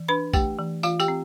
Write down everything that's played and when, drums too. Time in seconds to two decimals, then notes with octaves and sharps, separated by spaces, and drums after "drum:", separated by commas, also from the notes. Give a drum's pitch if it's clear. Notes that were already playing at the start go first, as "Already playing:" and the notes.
Already playing: E3
0.08 D4 B4 B5
0.34 A3 G4 G5, drum: kick A#1, tambourine
0.59 E3
0.83 E3 F4 F5, drum: tambourine
1.00 G4 G5, drum: tambourine
1.08 C4